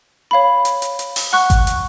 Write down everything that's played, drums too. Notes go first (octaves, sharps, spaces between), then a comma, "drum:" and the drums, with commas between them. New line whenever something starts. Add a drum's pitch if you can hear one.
C#5 F5 B5
drum: hi-hat
drum: hi-hat
drum: hi-hat
drum: open hi-hat
F#5 C#6 F#6
drum: kick G#1, hi-hat
drum: hi-hat